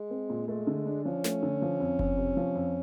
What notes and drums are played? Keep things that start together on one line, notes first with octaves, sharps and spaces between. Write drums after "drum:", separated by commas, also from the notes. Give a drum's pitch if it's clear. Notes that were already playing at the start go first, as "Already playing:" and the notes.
Already playing: G#3
C4
A#2
G#3 A3
D3
D4
F3 C#4
A3, drum: snare
D3
F3
F2
F2, drum: kick F#1
C3
F3
F2